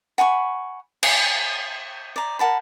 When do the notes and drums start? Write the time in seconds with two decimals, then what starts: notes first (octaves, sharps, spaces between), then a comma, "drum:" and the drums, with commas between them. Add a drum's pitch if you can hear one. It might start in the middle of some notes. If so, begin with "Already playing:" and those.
0.18 F#5 G#5 B5 C#6
1.03 G#5, drum: cymbal
2.16 D5 A#5
2.39 A#4 F#5 A5 B5